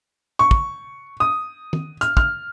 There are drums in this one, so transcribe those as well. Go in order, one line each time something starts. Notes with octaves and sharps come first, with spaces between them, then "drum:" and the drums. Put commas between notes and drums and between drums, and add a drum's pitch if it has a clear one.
C#6
drum: kick
D#6
drum: tom D#3
F6, drum: hi-hat
F6, drum: kick